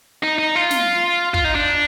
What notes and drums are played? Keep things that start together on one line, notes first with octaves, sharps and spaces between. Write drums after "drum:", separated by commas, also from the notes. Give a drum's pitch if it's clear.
D#4
D#4
F4
drum: snare
F4, drum: kick
D#4
D4